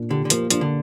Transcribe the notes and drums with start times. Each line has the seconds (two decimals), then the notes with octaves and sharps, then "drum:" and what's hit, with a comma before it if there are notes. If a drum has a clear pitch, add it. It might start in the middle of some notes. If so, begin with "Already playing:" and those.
Already playing: A#2 D4
0.10 D3 G4
0.25 D3
0.30 F3 A#3, drum: hi-hat
0.50 F3 D4, drum: hi-hat
0.61 D3